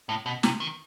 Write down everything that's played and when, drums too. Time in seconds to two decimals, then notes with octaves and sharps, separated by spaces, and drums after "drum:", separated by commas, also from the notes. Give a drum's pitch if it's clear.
0.09 A2
0.26 B2
0.43 C3, drum: snare
0.60 D#3